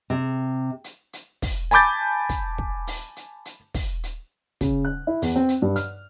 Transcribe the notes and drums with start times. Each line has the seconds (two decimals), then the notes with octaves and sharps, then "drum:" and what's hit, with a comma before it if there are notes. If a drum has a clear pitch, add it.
0.10 C3
0.84 drum: hi-hat
1.13 drum: hi-hat
1.42 drum: kick, open hi-hat
1.71 G#5 A5 B5 D6 G6 A6, drum: hi-hat
2.29 drum: kick, hi-hat
2.58 drum: kick
2.87 drum: open hi-hat
3.16 drum: hi-hat
3.45 drum: hi-hat
3.74 drum: kick, open hi-hat
4.03 drum: hi-hat
4.61 C#3, drum: kick, hi-hat
4.85 F#6
5.07 E4
5.22 E2, drum: open hi-hat
5.36 C4
5.49 drum: hi-hat
5.62 G2
5.76 F6, drum: hi-hat